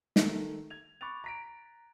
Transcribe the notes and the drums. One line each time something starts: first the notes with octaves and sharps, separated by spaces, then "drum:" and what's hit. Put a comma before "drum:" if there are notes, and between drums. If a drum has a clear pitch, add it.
D#3 A3, drum: snare
G#6 F7
B5 C#6 D6 F#6 A6 F7
A#5 B6 D7